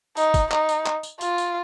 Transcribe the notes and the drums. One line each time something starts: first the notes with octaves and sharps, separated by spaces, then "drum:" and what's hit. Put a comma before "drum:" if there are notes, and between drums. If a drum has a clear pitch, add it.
D#4, drum: tambourine
drum: kick, tambourine
D#4, drum: clap
drum: tambourine
drum: clap
drum: tambourine
F4, drum: tambourine
drum: tambourine